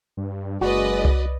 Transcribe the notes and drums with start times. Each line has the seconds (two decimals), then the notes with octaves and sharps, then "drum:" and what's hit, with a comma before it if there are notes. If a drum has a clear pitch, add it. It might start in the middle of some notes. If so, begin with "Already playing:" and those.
0.17 G2
0.61 F#1 G#3 F#4 B4 D5 D#5
1.05 drum: tom C2